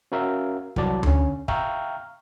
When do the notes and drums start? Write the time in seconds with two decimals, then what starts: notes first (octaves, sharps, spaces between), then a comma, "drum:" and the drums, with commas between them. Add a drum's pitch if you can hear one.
0.12 C#4 F#4 A#4 E5 F5
0.76 C2 E3 F#3 D5 A5, drum: kick
1.03 D3 C#4, drum: tom D2
1.48 E5 F5 G5 A#5 C#6 F6, drum: kick